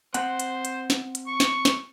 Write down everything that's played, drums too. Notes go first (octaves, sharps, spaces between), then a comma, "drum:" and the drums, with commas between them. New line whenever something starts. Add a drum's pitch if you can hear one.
C4 C5 F#5, drum: hi-hat
drum: hi-hat
drum: hi-hat
drum: snare
drum: hi-hat
C#6
drum: snare
drum: snare